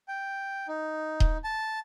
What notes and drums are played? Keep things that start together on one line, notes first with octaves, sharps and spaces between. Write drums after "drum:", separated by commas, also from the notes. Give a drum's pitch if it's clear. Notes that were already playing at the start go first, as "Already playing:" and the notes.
G5
D#4
drum: kick D#1
A5